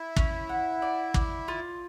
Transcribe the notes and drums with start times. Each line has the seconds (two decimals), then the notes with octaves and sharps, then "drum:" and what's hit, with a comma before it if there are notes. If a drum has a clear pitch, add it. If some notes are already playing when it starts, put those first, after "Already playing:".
Already playing: E4
0.16 C#4, drum: kick
0.49 F#5
0.82 D5
1.14 D5, drum: kick
1.48 F4